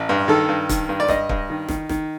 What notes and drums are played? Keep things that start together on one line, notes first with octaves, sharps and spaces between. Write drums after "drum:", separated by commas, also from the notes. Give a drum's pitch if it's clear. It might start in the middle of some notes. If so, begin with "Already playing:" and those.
Already playing: A1
G2
D#3 A4
G2
D#3, drum: kick, hi-hat
G2
D5
G2 D#5, drum: snare
G2, drum: kick
D#3
D#3, drum: snare
D#3, drum: snare